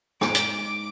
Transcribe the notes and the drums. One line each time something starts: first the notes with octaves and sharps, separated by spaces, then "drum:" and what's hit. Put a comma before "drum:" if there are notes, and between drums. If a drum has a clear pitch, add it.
G#2 D6, drum: rim click
drum: hi-hat